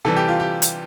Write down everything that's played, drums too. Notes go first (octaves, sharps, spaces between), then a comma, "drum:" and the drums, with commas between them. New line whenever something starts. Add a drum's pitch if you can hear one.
C3 E3 G3 A4
G4
F4
G4
drum: hi-hat